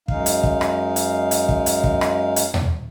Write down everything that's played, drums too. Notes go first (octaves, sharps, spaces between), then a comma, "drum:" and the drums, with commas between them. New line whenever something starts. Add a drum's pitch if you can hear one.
F#2 G#3 D#4 F5, drum: kick
drum: hi-hat
drum: kick
drum: rim click
drum: hi-hat
drum: hi-hat
drum: kick
drum: hi-hat
drum: kick
drum: rim click
drum: hi-hat
drum: tom D#2